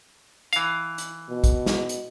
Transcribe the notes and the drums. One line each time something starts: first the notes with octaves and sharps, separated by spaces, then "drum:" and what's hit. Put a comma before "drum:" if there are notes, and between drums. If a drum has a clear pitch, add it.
E3 F5, drum: hi-hat
drum: hi-hat
B2
drum: kick A1, hi-hat
drum: snare
drum: hi-hat